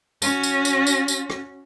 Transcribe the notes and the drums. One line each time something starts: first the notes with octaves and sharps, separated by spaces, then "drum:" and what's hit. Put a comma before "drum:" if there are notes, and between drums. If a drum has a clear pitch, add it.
C#4 F#4, drum: tambourine
drum: tambourine
drum: tambourine
drum: tambourine
drum: tambourine
drum: rim click